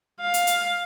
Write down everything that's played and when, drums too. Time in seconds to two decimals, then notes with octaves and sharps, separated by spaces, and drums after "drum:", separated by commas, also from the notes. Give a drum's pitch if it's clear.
0.21 F5
0.34 drum: hi-hat
0.47 drum: hi-hat